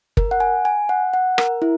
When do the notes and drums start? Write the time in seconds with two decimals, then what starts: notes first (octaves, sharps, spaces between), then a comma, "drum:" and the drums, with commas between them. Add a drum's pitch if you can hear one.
0.17 A#4, drum: kick
0.31 F#5
0.40 G#5
0.65 G#5
0.89 F#5
1.14 F#5
1.38 A#4, drum: rim click
1.62 E4